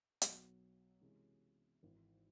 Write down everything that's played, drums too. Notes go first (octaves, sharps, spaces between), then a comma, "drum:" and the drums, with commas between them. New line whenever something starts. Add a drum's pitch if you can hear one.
B1 B2 F#3, drum: hi-hat
C3 E3 G#3 C#4
G#1 G#2 E3